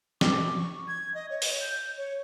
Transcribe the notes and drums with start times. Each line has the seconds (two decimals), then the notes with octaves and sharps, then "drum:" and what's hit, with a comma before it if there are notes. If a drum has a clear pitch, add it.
0.21 D6, drum: snare
0.57 C#6
0.88 G#6
1.15 D#5
1.30 C#5
1.42 drum: open hi-hat
1.61 G6
1.97 C#5